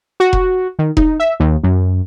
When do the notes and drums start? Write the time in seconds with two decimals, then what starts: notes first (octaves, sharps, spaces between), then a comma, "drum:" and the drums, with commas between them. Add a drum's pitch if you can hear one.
0.20 F#4
0.33 drum: kick F1
0.79 D#3
0.97 D#4, drum: kick F1
1.20 E5
1.40 D#2
1.63 F#2